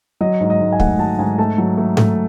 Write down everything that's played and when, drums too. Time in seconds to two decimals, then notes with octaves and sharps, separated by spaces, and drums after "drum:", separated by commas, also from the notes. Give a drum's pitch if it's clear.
0.21 F#3 D#5
0.40 G#2
0.50 D#5
0.60 G#2
0.73 G#5
0.80 A3 F#5, drum: kick
0.99 F#3 A5
1.19 G#2 G#5
1.38 A3 A5
1.58 F#3
1.77 A3
1.97 A3, drum: tom G#2